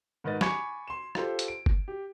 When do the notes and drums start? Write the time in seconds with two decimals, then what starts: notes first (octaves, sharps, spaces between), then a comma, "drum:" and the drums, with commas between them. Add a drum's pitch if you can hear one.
0.24 G#2 D#3 B4 D#5 A6
0.41 G#5 B5 C#6 D6 G#6 C#7, drum: snare
0.88 C6 E7
1.15 F4 G4 A4 C5, drum: rim click
1.39 drum: hi-hat
1.48 D7
1.66 drum: kick F#1
1.88 G4